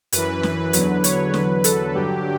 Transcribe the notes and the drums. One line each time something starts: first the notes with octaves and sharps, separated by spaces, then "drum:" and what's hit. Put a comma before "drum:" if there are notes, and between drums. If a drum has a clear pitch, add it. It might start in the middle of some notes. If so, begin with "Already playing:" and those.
F#2 E3 B4, drum: hi-hat
drum: snare
E2 D3 F#3, drum: hi-hat
C#5, drum: hi-hat
E2 D3 F#3 B4, drum: snare
A4, drum: hi-hat
G2 D3 F#3 G4